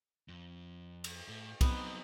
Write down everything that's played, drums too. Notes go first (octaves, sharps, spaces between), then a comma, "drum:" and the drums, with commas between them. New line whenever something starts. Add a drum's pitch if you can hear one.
F2
drum: cymbal
A2
F#3 B3 C4 D#4 G#4, drum: kick C2, cymbal